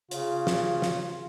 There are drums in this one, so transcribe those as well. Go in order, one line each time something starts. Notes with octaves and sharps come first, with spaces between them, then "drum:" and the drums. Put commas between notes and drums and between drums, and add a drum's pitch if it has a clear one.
C#3 F4, drum: hi-hat
drum: snare
drum: snare